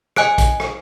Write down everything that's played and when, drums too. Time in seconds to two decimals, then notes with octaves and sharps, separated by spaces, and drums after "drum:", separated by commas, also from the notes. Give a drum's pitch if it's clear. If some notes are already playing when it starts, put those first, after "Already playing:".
0.16 D#5 G#5 F#6 D7, drum: rim click
0.38 drum: kick A#1, hi-hat
0.60 drum: rim click